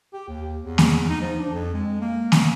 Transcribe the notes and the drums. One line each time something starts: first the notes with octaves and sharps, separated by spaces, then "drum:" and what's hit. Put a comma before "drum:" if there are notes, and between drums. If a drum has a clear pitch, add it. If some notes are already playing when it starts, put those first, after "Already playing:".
G4
D#2
E2
drum: snare A#3
D#4
F3
D4
F2
G#3
A#3
drum: snare A#3